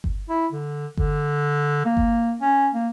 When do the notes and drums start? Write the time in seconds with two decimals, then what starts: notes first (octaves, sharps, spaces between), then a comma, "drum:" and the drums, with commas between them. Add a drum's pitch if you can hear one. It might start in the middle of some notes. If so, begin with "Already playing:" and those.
0.04 drum: kick G1
0.29 E4
0.52 D3
0.97 D3, drum: kick G1
1.85 A#3
1.97 drum: kick G1
2.41 C#4
2.74 A#3